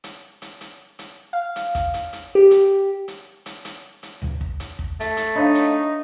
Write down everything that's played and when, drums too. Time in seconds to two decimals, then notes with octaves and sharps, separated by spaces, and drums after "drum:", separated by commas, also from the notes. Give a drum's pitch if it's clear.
0.04 drum: hi-hat
0.42 drum: hi-hat
0.61 drum: hi-hat
0.99 drum: hi-hat
1.33 F5
1.56 drum: hi-hat
1.75 drum: kick, hi-hat
1.94 drum: hi-hat
2.13 drum: hi-hat
2.35 G4
2.51 drum: hi-hat
3.08 drum: hi-hat
3.46 drum: hi-hat
3.65 drum: hi-hat
4.03 drum: hi-hat
4.22 drum: tom C#2
4.41 drum: kick
4.60 drum: hi-hat
4.79 drum: kick
5.00 A3, drum: hi-hat
5.17 drum: hi-hat
5.36 D4 D#4 C#5 F5
5.55 drum: hi-hat